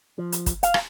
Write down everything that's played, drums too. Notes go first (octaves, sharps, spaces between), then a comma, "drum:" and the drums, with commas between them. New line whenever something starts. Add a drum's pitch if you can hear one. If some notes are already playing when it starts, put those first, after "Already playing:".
F3
drum: hi-hat
drum: kick, hi-hat
F5, drum: hi-hat
drum: rim click